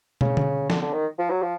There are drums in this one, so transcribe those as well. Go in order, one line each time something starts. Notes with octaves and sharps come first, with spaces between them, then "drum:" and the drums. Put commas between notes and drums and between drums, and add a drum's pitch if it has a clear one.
C#3, drum: tom
drum: tom D3
D3, drum: snare
D3
D#3
F3
F#3
F3